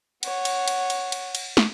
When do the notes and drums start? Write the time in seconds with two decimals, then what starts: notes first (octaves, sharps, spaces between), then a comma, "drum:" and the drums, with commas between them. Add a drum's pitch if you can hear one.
0.23 C#5 F#5, drum: cymbal
0.45 drum: cymbal
0.68 drum: cymbal
0.90 drum: cymbal
1.12 drum: cymbal
1.35 drum: cymbal
1.57 drum: snare